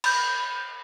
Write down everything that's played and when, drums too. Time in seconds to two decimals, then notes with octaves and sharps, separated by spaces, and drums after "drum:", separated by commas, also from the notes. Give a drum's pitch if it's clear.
0.04 B5 G6, drum: cymbal